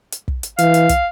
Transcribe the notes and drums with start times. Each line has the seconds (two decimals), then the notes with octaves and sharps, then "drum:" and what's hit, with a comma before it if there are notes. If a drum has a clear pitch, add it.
0.12 drum: hi-hat
0.28 drum: kick
0.43 drum: hi-hat
0.59 E3 F5, drum: hi-hat
0.74 drum: hi-hat
0.89 drum: kick, hi-hat